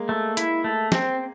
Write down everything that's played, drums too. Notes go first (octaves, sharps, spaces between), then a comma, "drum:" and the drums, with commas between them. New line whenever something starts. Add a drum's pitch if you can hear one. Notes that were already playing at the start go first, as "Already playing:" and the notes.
Already playing: G#3 A#3
A3
E4, drum: hi-hat
A3
C4, drum: snare